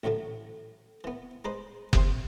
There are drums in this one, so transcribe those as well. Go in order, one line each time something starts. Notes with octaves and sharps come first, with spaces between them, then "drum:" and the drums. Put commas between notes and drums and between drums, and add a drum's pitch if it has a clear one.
A1 D2 A2 F#3 A3
E3 B3
G#3 D#4 B4 C5
D#2 C3 C6, drum: kick F#1